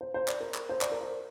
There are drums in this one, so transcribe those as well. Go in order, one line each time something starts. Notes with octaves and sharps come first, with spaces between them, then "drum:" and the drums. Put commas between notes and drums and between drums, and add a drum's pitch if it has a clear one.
C5
C5
D5, drum: clap
A#4
drum: clap
C5
D5, drum: clap
A#4
C5